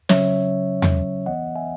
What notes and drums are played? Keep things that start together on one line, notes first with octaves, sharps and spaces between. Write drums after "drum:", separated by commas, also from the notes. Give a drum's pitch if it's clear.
C#3 F#3 C#4 C#5 E5, drum: snare
drum: tom E2
E3 B3 D#5 F#5
E5 G#5